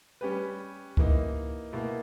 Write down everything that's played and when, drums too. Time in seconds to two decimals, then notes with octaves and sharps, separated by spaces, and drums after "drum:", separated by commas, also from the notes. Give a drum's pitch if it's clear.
0.21 G3 C#4 G4 B4
0.97 E3 A#3 D#4, drum: kick C#2
1.73 B2 A#3 E4